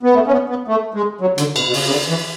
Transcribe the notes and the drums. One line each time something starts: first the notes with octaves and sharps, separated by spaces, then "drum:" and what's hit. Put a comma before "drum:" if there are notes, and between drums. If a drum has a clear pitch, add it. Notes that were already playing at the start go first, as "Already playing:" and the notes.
B3
A3
C#4
B3
B3
A3
G#3
F#3
D3, drum: hi-hat
B2, drum: cymbal
B2
C#3, drum: open hi-hat
C#3
D3
E3